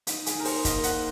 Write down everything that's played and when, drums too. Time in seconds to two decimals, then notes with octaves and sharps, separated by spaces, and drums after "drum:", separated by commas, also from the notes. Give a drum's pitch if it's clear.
0.07 D#4, drum: hi-hat
0.26 G#4, drum: hi-hat
0.35 D#3 A#4
0.45 C5, drum: open hi-hat
0.65 A#3 D#5, drum: kick, hi-hat
0.83 F#5, drum: hi-hat
0.94 D#3